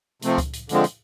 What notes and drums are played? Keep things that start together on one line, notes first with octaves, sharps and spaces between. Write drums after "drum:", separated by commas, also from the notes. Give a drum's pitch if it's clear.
C3 F3 A3 C4, drum: hi-hat
drum: kick C#2, hi-hat
drum: hi-hat
F2 D3 F3 G#3 C4, drum: hi-hat
drum: hi-hat